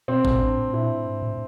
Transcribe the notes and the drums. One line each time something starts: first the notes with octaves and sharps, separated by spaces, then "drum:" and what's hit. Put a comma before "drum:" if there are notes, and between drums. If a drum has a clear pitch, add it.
B2 C4
A#2, drum: kick A1
A2 D4
A2
A#2 E4
A2
G#2
A2